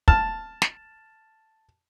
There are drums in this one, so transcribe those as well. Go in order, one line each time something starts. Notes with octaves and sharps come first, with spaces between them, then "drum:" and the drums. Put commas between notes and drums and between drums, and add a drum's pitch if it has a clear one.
A5 F6, drum: kick
drum: snare